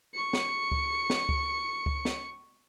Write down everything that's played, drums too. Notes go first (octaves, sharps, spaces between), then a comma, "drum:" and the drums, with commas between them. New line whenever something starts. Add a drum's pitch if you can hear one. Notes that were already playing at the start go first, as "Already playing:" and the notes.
C#6 C#7
drum: snare
drum: kick C#2
drum: snare
drum: kick C#2
drum: kick C#2
drum: snare